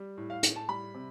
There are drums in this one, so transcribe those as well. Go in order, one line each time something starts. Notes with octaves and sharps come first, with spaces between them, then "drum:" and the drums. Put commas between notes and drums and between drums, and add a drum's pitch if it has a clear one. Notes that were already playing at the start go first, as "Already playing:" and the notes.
Already playing: G3
A2
F5
A2, drum: hi-hat
A5
G3 B5
C3